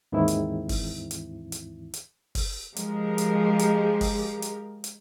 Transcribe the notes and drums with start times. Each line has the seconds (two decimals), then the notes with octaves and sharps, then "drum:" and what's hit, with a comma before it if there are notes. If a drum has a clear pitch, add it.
0.12 D#2 G#2 D#3 E3 C4 E4
0.28 drum: hi-hat
0.69 drum: kick F#1, open hi-hat
1.11 drum: hi-hat
1.52 drum: hi-hat
1.94 drum: hi-hat
2.35 drum: kick F#1, open hi-hat
2.76 F3 G#3 G4 A#4, drum: hi-hat
3.18 drum: hi-hat
3.59 drum: hi-hat
4.01 drum: kick F#1, open hi-hat
4.42 drum: hi-hat
4.84 drum: hi-hat